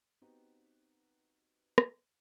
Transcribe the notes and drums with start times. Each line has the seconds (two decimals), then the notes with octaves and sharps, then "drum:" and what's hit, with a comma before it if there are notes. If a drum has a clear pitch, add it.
0.21 B3 C4 D#4 F#4 G4 B4
1.78 drum: rim click